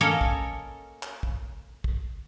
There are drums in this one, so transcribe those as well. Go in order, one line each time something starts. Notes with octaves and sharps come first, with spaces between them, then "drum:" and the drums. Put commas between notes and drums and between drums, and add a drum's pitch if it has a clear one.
A#3 C#4 A4 A#4 C#5 D#5
drum: kick
drum: clap
drum: kick
drum: kick